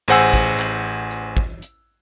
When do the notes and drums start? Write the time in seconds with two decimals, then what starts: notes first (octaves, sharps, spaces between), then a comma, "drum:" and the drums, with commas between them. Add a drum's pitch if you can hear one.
0.08 A1 G#4 C5 F#5 G#5 E6, drum: hi-hat
0.34 drum: kick
0.59 drum: clap
1.11 drum: hi-hat
1.37 drum: kick
1.62 drum: hi-hat